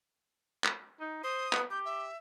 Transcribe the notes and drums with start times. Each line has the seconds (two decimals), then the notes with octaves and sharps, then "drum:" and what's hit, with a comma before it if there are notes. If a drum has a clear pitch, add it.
0.64 drum: clap
1.01 D#4
1.24 C5 D#6
1.53 B3, drum: clap
1.71 G4 G6
1.85 E5